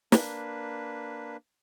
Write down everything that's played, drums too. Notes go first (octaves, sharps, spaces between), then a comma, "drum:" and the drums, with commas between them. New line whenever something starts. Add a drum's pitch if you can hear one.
A#3 D4 B4, drum: snare